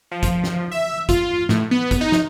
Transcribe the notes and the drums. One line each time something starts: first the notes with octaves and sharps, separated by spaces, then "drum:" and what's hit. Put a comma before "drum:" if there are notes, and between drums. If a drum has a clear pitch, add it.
F3
drum: kick, hi-hat
drum: snare
E5
F4, drum: kick, hi-hat
A2, drum: snare
B3
drum: kick, hi-hat
D#4
drum: snare